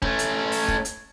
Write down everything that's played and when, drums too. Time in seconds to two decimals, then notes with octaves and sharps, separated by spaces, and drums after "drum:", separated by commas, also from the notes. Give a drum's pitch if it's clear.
0.02 A3 C#4, drum: kick
0.19 drum: hi-hat
0.52 drum: open hi-hat
0.68 drum: kick
0.85 drum: hi-hat